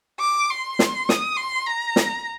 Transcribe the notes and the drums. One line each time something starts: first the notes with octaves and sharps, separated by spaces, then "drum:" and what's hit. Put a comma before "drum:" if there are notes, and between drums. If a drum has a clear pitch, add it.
D6
C6
drum: snare
D#6, drum: snare
C6
A#5
drum: snare